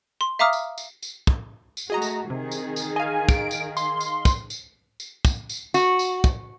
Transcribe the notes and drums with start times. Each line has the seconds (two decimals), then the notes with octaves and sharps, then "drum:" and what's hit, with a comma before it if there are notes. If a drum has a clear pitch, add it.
0.21 C6
0.39 E5 F5 A#5 D6 D#6 F6
0.53 drum: tambourine
0.78 drum: tambourine
1.02 drum: tambourine
1.27 drum: kick
1.77 drum: tambourine
1.90 A3 F#4 G#4 D#5 A#5
2.02 drum: tambourine
2.30 C3 D#3 G#4
2.51 drum: tambourine
2.76 drum: tambourine
2.96 D#5 F5 G#5
3.29 D7, drum: kick, tambourine
3.51 drum: tambourine
3.77 C6, drum: tambourine
4.00 drum: tambourine
4.25 drum: kick, tambourine
4.50 drum: tambourine
5.00 drum: tambourine
5.25 drum: kick, tambourine
5.49 drum: tambourine
5.74 F#4, drum: tambourine
5.99 drum: tambourine
6.24 drum: kick, tambourine